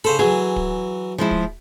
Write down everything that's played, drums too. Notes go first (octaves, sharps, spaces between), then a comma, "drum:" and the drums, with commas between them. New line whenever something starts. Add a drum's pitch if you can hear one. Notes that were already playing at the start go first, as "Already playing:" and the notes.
C#3 A4 C5 B5
E3 F#3 G#4
drum: kick
F3 G#3 E4
drum: kick